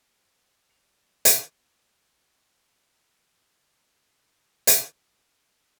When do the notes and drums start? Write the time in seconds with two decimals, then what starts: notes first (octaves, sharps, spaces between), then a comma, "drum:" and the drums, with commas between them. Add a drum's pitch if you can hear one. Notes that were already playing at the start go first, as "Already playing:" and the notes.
0.15 C5
0.70 E1 B1 A#2 G3 C#7 F7
1.25 drum: hi-hat
3.22 F2 A2 C#3 G4 E5 D#6
4.67 drum: hi-hat